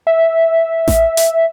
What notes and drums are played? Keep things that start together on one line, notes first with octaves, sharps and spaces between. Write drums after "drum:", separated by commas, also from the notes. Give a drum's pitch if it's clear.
E5
drum: snare A1
drum: hi-hat